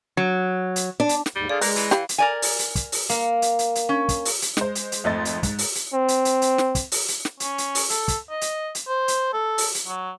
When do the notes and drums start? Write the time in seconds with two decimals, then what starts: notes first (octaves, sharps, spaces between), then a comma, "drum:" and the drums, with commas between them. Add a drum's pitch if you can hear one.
0.17 F#3
0.76 drum: hi-hat
1.00 D4
1.09 drum: hi-hat
1.26 drum: snare
1.36 D#2 G#2 G3
1.49 D3 G#4 D5 F5
1.61 G#3 A#3 B4 A#5, drum: open hi-hat
1.76 E3, drum: hi-hat
1.91 G4 F5 B5, drum: snare
2.09 drum: hi-hat
2.18 A#4 D5 G#5
2.42 drum: open hi-hat
2.59 drum: hi-hat
2.76 drum: kick, hi-hat
2.92 drum: open hi-hat
3.09 A#3, drum: hi-hat
3.42 drum: hi-hat
3.59 drum: hi-hat
3.75 drum: hi-hat
3.89 C#4
4.09 drum: kick, hi-hat
4.25 drum: open hi-hat
4.42 drum: hi-hat
4.57 G#3 C5, drum: snare
4.75 drum: hi-hat
4.92 drum: hi-hat
5.04 G#1 F2 A3 D#5 C6 A6
5.25 drum: hi-hat
5.43 G#2, drum: kick, hi-hat
5.58 drum: open hi-hat
5.75 drum: hi-hat
5.94 C4
6.08 drum: hi-hat
6.25 drum: hi-hat
6.42 drum: hi-hat
6.58 drum: snare
6.75 drum: kick, hi-hat
6.92 drum: open hi-hat
7.08 drum: hi-hat
7.25 drum: snare
7.40 C#4, drum: hi-hat
7.58 drum: hi-hat
7.75 drum: open hi-hat
7.90 A4, drum: hi-hat
8.08 drum: kick, hi-hat
8.30 D#5
8.41 drum: hi-hat
8.75 drum: hi-hat
8.88 C5
9.08 drum: hi-hat
9.33 A4
9.58 drum: open hi-hat
9.75 drum: hi-hat
9.87 F#3